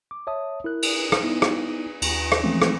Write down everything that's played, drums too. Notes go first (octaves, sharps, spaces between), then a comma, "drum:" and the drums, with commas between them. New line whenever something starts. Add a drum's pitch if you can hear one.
D6
C#5 E5 A5 D#6
E4 A#4 F#6
drum: cymbal
drum: rim click
B3 D#4 E4
drum: rim click
D#2, drum: cymbal
drum: rim click
E3 F3 G#3 A3 C4 C#4
drum: rim click